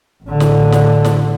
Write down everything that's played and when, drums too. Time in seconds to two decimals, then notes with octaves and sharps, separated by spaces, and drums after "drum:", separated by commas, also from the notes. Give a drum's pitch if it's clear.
0.24 A1 D3
0.40 drum: snare
0.72 drum: snare
1.05 drum: snare